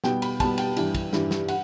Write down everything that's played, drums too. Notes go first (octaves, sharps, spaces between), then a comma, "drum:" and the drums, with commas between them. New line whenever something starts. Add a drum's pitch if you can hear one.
B2 G3 B3 G5, drum: snare
B5, drum: cymbal
B2 G3 B3 A5, drum: kick, cymbal
G5, drum: cymbal
G2 E3 G3, drum: cymbal
drum: kick, cymbal
G2 E3 G3, drum: snare
drum: snare
F#5, drum: cymbal